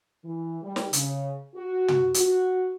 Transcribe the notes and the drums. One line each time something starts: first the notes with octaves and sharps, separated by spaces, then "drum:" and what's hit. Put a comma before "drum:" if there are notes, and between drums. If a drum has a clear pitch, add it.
E3
G3
drum: snare
C#3, drum: hi-hat
F#4
drum: tom
F#4, drum: hi-hat